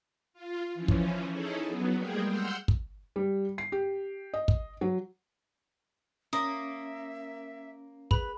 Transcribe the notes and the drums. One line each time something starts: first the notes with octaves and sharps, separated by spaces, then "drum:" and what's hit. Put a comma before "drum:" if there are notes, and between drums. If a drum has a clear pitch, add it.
F4
E3 F3 C#4
drum: kick
C#4 D#4 E4 G#4 A4
F#3 B3
G3 G#3 A#3 G4 G#4
F#5 C6 E6 F6 G6
drum: kick
G3
C7
G4
D#5
drum: kick
F#3
A#3 C#4 E5 D#6
G#4 B4 B5, drum: kick